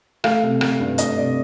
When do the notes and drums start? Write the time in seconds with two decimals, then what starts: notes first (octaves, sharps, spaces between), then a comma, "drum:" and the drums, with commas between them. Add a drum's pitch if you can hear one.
0.24 A3 F5, drum: rim click
0.43 C3
0.61 A3, drum: rim click
0.80 G2
0.98 A3 D#5, drum: hi-hat
1.17 C3 D5